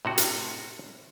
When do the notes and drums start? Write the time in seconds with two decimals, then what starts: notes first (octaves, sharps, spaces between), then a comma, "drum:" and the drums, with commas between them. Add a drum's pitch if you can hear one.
0.05 A2 C3 F#4
0.18 drum: hi-hat